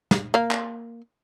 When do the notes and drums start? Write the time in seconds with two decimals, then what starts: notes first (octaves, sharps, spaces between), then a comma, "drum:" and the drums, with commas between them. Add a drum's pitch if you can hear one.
0.11 drum: snare
0.34 A#3 F5
0.51 drum: clap